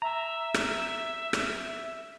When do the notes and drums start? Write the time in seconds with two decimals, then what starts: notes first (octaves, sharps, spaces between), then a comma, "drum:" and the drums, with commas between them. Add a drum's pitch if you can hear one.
0.02 E5 A#5
0.54 drum: rim click
1.33 drum: rim click